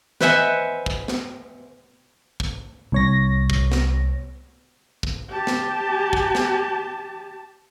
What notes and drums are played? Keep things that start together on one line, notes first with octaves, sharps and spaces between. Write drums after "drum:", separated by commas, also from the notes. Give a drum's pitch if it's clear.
B4 C5 D#5 E5 F#5 G#5, drum: snare
drum: kick
drum: snare
drum: kick
C2 C#5 A#6
drum: kick
drum: snare
drum: kick
G4 A5
drum: snare
drum: kick
drum: snare